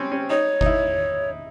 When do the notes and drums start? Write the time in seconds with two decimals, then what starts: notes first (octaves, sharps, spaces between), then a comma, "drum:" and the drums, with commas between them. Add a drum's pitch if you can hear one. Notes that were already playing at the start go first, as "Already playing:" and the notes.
Already playing: G3 C4 C#4
0.12 C#4
0.30 D#4 C#5
0.61 D#4, drum: kick G1
0.66 E4